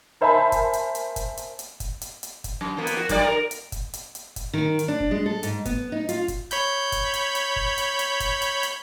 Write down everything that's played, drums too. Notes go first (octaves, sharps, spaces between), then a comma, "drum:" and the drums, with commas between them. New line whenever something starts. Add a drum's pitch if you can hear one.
A#4 C5 E5 G#5 A5 B5
drum: kick, hi-hat
drum: hi-hat
drum: hi-hat
drum: kick, hi-hat
drum: hi-hat
drum: hi-hat
drum: kick, hi-hat
drum: hi-hat
drum: hi-hat
drum: kick, hi-hat
F#2
F2 A#3 B3
drum: hi-hat
F#4
G2 G3 D5, drum: kick, hi-hat
A#4
drum: hi-hat
drum: kick, hi-hat
drum: hi-hat
drum: hi-hat
drum: kick, hi-hat
D#3
drum: hi-hat
D4
drum: kick
G#3
A4
G#2, drum: hi-hat
B3, drum: kick, hi-hat
D#4
F4, drum: hi-hat
drum: kick, hi-hat
C#5 B5 G6, drum: hi-hat
drum: kick, hi-hat
drum: hi-hat
drum: hi-hat
drum: kick
drum: hi-hat
drum: hi-hat
drum: kick, hi-hat
drum: hi-hat
drum: hi-hat